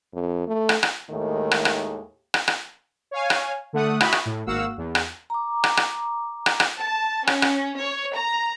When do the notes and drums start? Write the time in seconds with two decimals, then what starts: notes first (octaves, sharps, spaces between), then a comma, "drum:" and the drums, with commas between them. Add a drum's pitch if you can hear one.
0.14 F2
0.48 A3
0.69 drum: rim click
0.83 drum: rim click
1.10 D#2 A2 D#3 G#3 A3
1.51 drum: rim click
1.65 drum: rim click
2.34 drum: rim click
2.48 drum: rim click
3.11 C#5 F5 G#5
3.30 drum: rim click
3.73 D3 A3 F#5 D#6
4.00 E4 F#4 E5 B5 D#6, drum: rim click
4.12 drum: rim click
4.25 A2
4.46 G#1 A#3 F#4 F5 F#5 E6
4.77 E2
4.95 drum: rim click
5.30 A#5 D6
5.64 drum: rim click
5.77 drum: rim click
6.46 drum: rim click
6.60 drum: rim click
6.81 A5
7.27 C#4, drum: rim click
7.42 drum: rim click
7.80 C#5
8.16 A#5